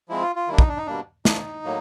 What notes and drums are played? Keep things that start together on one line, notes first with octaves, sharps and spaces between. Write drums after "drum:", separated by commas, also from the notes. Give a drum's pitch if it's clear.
F3 G#3 C4 E4
F4
F4
D#3 G3 A#3 D4 E4
D#4, drum: kick
D4
D#4
B2 G3 A#3 D4
F3 A3 D4 D#4, drum: snare
A2 F#3 A#3